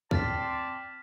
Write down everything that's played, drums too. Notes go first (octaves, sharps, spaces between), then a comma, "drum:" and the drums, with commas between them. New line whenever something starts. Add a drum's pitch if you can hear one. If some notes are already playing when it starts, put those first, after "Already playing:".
C4 D5 A5 F6 A6 B6, drum: kick